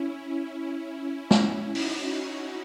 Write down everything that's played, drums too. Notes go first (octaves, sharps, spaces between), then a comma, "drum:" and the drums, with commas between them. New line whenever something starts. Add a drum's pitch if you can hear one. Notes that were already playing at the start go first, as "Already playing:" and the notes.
Already playing: C#4 E4
C#4 E4, drum: snare
D#4 F#4, drum: open hi-hat